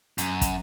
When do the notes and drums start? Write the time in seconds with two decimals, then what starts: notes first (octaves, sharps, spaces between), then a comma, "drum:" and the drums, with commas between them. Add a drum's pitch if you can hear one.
0.18 F#2, drum: hi-hat
0.41 drum: kick, hi-hat